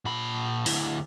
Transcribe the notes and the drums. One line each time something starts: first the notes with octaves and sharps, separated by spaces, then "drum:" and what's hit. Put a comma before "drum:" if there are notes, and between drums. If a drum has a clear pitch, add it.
A#2 B5
D2 E4, drum: open hi-hat